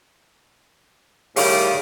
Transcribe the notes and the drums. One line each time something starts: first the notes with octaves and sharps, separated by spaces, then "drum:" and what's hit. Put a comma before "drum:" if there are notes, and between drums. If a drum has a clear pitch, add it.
A2 D#3 G3 G#4 C#5 F5, drum: open hi-hat